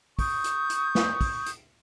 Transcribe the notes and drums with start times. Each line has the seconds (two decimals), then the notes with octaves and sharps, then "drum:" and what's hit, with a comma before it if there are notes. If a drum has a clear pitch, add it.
0.19 C#6 D#6 G6, drum: kick, open hi-hat
0.44 drum: hi-hat
0.70 drum: hi-hat
0.95 drum: snare
1.21 drum: kick, open hi-hat
1.46 drum: hi-hat